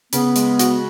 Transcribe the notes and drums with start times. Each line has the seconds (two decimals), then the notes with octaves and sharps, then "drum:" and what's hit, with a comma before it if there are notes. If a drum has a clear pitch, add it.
0.13 C#3 B3, drum: hi-hat
0.36 G#3, drum: hi-hat
0.59 F#4, drum: hi-hat